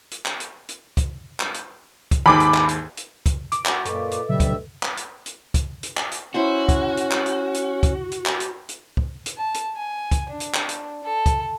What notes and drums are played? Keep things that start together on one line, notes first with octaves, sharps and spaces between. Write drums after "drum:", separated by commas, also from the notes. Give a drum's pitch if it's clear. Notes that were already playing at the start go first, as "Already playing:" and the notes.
drum: hi-hat
drum: clap
drum: hi-hat
drum: hi-hat
drum: kick, hi-hat
drum: clap
drum: hi-hat
drum: kick, hi-hat
D#2 G#2 B5 D6
drum: hi-hat
drum: clap
drum: hi-hat
drum: hi-hat
drum: kick, hi-hat
D6, drum: hi-hat
F#4, drum: clap
F#2 A#2 A4 B4 D#5 C#6, drum: hi-hat
drum: hi-hat
D2 A#2 C#3 F#3 G3 E5
drum: kick, hi-hat
drum: clap
drum: hi-hat
drum: hi-hat
drum: kick, hi-hat
drum: hi-hat
drum: clap
drum: hi-hat
C#4 E4 F#4 C5 F#5
drum: kick, hi-hat
drum: hi-hat
drum: clap
drum: hi-hat
drum: hi-hat
drum: kick, hi-hat
drum: hi-hat
drum: clap
drum: hi-hat
drum: hi-hat
drum: kick
drum: hi-hat
A5
drum: hi-hat
G#5
drum: kick, hi-hat
D4
drum: hi-hat
drum: clap
drum: hi-hat
A4
drum: kick, hi-hat